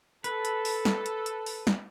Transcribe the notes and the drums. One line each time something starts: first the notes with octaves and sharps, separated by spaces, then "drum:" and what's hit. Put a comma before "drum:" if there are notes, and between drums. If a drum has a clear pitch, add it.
A4 B4, drum: hi-hat
drum: hi-hat
drum: open hi-hat
drum: snare
drum: hi-hat
drum: hi-hat
drum: open hi-hat
drum: snare